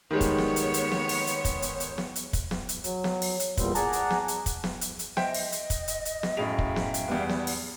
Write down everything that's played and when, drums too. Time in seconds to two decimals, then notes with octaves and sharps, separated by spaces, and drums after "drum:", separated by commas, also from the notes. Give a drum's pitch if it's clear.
0.11 D#3 G3 G#3 B3 C#5
0.21 drum: kick, hi-hat
0.38 drum: snare
0.56 drum: hi-hat
0.74 drum: hi-hat
0.91 drum: snare
1.09 drum: open hi-hat
1.27 drum: hi-hat
1.45 drum: kick, hi-hat
1.62 drum: hi-hat
1.80 drum: hi-hat
1.98 drum: snare
2.16 drum: hi-hat
2.33 drum: kick, hi-hat
2.51 drum: snare
2.69 drum: hi-hat
2.84 F#3, drum: hi-hat
3.04 drum: snare
3.22 drum: open hi-hat
3.40 drum: hi-hat
3.57 E2 A#2 G3 C4, drum: kick, hi-hat
3.75 G#4 D5 F#5 A5 A#5, drum: hi-hat
3.93 drum: hi-hat
4.10 drum: snare
4.28 drum: hi-hat
4.46 drum: kick, hi-hat
4.64 drum: snare
4.81 drum: hi-hat
4.99 drum: hi-hat
5.17 C5 D#5 E5 G5 D7, drum: snare
5.34 drum: open hi-hat
5.52 drum: hi-hat
5.70 drum: kick, hi-hat
5.88 drum: hi-hat
6.05 drum: hi-hat
6.23 drum: snare
6.37 F#2 A2 G#4 E5 F5 G5 F7
6.58 drum: kick
6.76 drum: snare
6.94 drum: hi-hat
7.08 E2 G3 B3
7.29 drum: snare
7.47 drum: open hi-hat